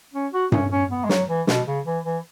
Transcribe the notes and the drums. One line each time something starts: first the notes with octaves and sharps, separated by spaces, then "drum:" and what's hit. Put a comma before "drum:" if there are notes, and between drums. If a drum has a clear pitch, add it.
C#4
F#4
C#4, drum: tom G2
C#4
B3
G#3
F#3, drum: snare
E3
B2, drum: snare
C#3
E3
E3